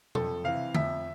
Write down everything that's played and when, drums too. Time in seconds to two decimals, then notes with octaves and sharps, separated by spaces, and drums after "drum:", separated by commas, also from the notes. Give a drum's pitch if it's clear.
0.15 F2 A4, drum: tom B2
0.44 C3 E3 F5
0.74 F2 E5, drum: tom D3